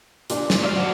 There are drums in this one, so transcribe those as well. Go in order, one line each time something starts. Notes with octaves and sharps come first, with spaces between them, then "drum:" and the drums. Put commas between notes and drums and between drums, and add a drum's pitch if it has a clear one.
A#2 D4, drum: hi-hat
drum: snare
F#3 D5 F5
F#4 C5